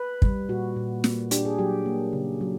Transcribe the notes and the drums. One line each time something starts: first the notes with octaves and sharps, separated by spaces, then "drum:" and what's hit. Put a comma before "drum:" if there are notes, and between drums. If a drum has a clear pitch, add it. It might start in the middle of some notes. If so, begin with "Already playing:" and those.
Already playing: B4
G3, drum: kick
A#2 F#4
A#2
A#3, drum: snare
D4 G4, drum: hi-hat
G#4
F#3 G4
A#3
C#3
F#3